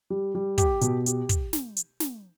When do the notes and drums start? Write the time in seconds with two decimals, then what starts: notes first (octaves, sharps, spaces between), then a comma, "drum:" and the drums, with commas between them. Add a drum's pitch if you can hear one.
0.10 G3
0.35 G3
0.58 G4, drum: kick, hi-hat
0.81 B2, drum: hi-hat
1.06 G4, drum: hi-hat
1.29 drum: kick, hi-hat
1.53 drum: snare
1.77 drum: hi-hat
2.00 drum: snare